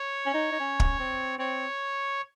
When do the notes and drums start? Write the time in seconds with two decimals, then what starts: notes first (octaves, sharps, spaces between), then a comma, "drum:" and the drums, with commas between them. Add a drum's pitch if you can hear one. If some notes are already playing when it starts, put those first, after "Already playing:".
Already playing: C#5
0.26 C#4
0.34 D#4
0.52 D#4
0.60 C#4
0.80 drum: kick
0.99 C4
1.39 C4 C#5